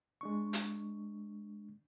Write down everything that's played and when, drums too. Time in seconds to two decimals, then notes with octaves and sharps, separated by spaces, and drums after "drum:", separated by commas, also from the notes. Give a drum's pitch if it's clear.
0.21 G#3 D4 C#6
0.53 drum: hi-hat